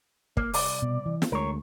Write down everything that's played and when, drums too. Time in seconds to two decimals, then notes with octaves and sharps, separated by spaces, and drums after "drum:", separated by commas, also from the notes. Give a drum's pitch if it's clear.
0.37 A#3, drum: kick
0.54 C2 D5, drum: open hi-hat
0.82 B2
1.06 E3
1.22 drum: snare
1.32 D2 G#3 A#4 C#5